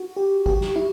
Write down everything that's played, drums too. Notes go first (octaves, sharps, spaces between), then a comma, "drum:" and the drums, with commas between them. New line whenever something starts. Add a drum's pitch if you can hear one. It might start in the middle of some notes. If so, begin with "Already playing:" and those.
Already playing: F#4
G4
G4, drum: kick
drum: snare
E4